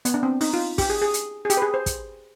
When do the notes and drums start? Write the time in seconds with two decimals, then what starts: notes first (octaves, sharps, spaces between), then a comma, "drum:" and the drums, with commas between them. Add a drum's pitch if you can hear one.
0.05 B3, drum: hi-hat
0.14 D4
0.23 C4
0.41 D#4, drum: open hi-hat
0.53 F4
0.78 G4, drum: kick, open hi-hat
0.90 G#4
1.02 G#4
1.14 drum: hi-hat
1.45 G#4
1.50 G4, drum: hi-hat
1.57 B4
1.62 G#4
1.74 C5
1.86 drum: kick, hi-hat